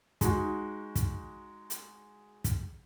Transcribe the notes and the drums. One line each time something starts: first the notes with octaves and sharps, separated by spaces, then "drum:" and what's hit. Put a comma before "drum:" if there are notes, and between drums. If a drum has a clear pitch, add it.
G#3 D#4 F#4, drum: kick, hi-hat
drum: kick, hi-hat
drum: hi-hat
drum: kick, hi-hat